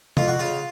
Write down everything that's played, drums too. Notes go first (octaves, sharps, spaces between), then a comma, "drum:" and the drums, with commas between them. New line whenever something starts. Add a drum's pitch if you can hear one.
F2 F4, drum: tom C3
F#4
C#3 F4